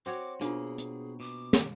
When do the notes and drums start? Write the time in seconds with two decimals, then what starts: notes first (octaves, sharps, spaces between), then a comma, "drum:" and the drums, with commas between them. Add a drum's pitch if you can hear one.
0.06 C4 F#4 C#5 D6
0.41 B2 A#3 D4 F4 G#4, drum: hi-hat
0.78 drum: hi-hat
1.20 B2 D6
1.53 drum: snare